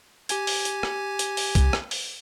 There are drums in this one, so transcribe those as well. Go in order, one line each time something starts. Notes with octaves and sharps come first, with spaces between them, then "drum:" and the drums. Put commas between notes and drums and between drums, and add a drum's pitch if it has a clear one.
G4 G#5 G#6, drum: hi-hat
drum: open hi-hat
drum: hi-hat
drum: rim click
drum: hi-hat
drum: open hi-hat
drum: kick, hi-hat
drum: rim click
drum: open hi-hat